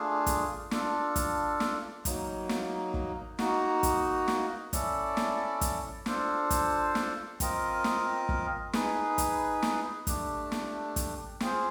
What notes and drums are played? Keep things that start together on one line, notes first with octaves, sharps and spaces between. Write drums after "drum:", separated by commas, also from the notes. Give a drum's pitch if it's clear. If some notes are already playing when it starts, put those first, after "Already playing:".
Already playing: A3 D4 F4 G#4
drum: kick, hi-hat
D4 F4 A4, drum: snare
drum: kick, hi-hat
drum: snare
F#3 A#3 D#4, drum: kick, hi-hat
drum: snare
drum: kick
A#3 D#4 F#4, drum: snare
drum: kick, hi-hat
drum: snare
C#4 E4 A4 D5, drum: kick, hi-hat
drum: snare
drum: kick, hi-hat
D4 F4 A4 C5, drum: snare
drum: kick, hi-hat
drum: snare
C4 F4 A#4 D#5, drum: kick, hi-hat
drum: snare
drum: kick
D#4 G#4 B4, drum: snare
drum: kick, hi-hat
drum: snare
A3 D4 G4, drum: kick, hi-hat
drum: snare
drum: kick, hi-hat
C4 F4 G#4 C5, drum: snare